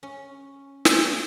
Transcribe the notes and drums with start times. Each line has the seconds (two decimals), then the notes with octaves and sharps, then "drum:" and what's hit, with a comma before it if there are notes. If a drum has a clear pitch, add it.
0.03 C#4
0.85 drum: snare